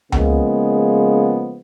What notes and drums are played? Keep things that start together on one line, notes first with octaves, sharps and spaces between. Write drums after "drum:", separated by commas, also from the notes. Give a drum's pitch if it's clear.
C#3 F3 G#3 A#3 B3, drum: tom C#2